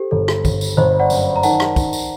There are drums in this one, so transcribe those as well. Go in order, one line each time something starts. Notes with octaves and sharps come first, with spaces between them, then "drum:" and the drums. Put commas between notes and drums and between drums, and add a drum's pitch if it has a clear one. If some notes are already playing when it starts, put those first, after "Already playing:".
Already playing: G4 A4 C5
G1 A4
drum: rim click
G1, drum: kick, tambourine
drum: tambourine
G1 C5 D#5
D5 F#5
F#2, drum: tambourine
A#5
D#3 F#5 A5, drum: tambourine
drum: rim click
D#3, drum: kick, tambourine
drum: tambourine